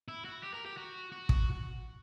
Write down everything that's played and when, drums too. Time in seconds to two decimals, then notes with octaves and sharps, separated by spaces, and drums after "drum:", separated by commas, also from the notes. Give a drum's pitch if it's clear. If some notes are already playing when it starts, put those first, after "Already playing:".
0.08 E4
0.25 F#4
0.43 G4
0.54 A#4
0.66 G4
0.77 F#4
1.12 F#4
1.29 drum: kick